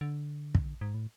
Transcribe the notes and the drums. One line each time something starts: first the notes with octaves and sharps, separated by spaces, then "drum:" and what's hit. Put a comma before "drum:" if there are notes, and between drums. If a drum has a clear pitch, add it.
D3
drum: kick
G#2
A2